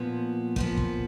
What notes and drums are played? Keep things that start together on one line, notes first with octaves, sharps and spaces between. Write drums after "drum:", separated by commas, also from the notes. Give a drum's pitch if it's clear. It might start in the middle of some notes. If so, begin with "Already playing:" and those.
Already playing: A#2 F3 B3
A#2 F3 B3, drum: kick
drum: kick